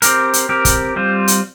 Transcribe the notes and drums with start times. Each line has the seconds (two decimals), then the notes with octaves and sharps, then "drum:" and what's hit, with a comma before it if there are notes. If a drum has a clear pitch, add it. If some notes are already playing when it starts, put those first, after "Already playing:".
0.02 C4 G4 A#4, drum: hi-hat
0.33 drum: hi-hat
0.49 C4 G4 A#4
0.65 drum: kick, hi-hat
0.96 G3 C4 F4 C5
1.28 drum: hi-hat